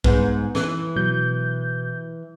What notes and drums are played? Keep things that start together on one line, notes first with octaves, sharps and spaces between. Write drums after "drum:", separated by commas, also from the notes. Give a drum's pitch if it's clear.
G#2 B3, drum: kick B1
E3, drum: snare
B2 F#3 G6